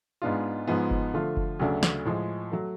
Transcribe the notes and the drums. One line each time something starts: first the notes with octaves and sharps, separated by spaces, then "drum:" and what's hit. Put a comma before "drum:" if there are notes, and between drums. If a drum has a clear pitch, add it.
G#2 G#3 B3 D4 F4
G#2 F3 G#3 B3
drum: kick F#1
D3 F3 A3 F4
drum: kick F#1
D2 C#3 F#3 A3 D4
drum: snare
A2 F3 G#3
F#3 A3